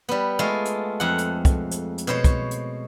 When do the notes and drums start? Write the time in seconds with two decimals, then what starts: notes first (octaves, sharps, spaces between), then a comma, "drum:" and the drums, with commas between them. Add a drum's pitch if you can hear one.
0.09 G3 B3
0.39 G#3 A3 F4
0.65 drum: hi-hat
1.00 F2 F#5
1.18 drum: hi-hat
1.45 drum: kick, hi-hat
1.71 drum: hi-hat
1.98 drum: hi-hat
2.07 B2 C5 C#5
2.24 drum: kick, hi-hat
2.51 drum: hi-hat